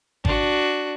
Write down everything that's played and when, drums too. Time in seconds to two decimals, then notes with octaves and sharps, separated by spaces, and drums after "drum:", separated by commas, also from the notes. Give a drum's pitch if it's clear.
0.25 D4 F#4, drum: kick G#1